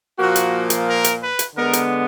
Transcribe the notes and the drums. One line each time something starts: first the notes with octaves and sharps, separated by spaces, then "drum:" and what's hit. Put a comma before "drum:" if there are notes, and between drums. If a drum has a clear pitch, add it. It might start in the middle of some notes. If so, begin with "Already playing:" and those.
A#2 F3 A#3 F#4
drum: hi-hat
drum: hi-hat
A#4
drum: hi-hat
B4
drum: hi-hat
D3 G#3 B3 A#4
drum: hi-hat